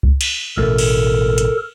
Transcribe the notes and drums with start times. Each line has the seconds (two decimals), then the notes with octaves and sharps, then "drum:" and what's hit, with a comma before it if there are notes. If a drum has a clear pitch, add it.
0.03 drum: kick
0.21 drum: cymbal
0.57 A1 B2 A3 A4 A#4
0.78 drum: cymbal
1.38 drum: hi-hat